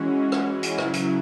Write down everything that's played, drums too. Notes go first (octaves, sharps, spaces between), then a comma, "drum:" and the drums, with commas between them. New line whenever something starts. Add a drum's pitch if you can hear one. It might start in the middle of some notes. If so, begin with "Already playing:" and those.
Already playing: E3 G#3 C#4 F#4
drum: rim click
drum: hi-hat
C#3 F#3 E4, drum: rim click
drum: hi-hat